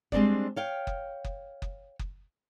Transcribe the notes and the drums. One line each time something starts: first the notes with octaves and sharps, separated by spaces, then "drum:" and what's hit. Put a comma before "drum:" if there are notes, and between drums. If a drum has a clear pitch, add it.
G3 G#3 C4 D4 D5, drum: kick F#1
C#5 F5 G5
drum: kick F#1
drum: kick F#1
drum: kick F#1
drum: kick F#1